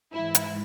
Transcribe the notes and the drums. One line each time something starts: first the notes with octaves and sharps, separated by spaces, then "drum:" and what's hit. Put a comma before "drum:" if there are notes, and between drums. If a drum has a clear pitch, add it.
G#2 E3 E4
drum: hi-hat